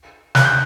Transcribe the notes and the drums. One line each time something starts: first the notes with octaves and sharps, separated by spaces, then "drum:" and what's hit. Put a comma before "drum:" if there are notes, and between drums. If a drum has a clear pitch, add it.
F#6, drum: snare
G6